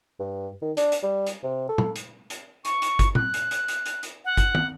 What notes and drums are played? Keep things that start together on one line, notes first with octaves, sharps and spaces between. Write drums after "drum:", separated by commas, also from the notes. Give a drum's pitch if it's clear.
G2
D#3
D4, drum: hi-hat
drum: hi-hat
G3
drum: hi-hat
C3
A4
drum: tom
drum: hi-hat
drum: hi-hat
C#6, drum: hi-hat
drum: hi-hat
drum: kick, hi-hat
F#6, drum: tom A#2
drum: hi-hat
drum: hi-hat
drum: hi-hat
drum: hi-hat
drum: hi-hat
F#5
drum: kick, hi-hat
drum: tom